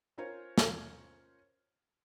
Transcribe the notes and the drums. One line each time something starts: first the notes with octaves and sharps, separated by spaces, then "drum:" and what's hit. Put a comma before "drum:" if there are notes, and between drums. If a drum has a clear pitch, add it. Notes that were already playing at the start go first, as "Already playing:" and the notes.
C#4 F4 A#4 C5 C#5
drum: snare